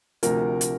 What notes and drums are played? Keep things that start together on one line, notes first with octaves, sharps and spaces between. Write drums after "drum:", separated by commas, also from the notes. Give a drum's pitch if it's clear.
D2 C3 F3 A#4, drum: hi-hat
drum: hi-hat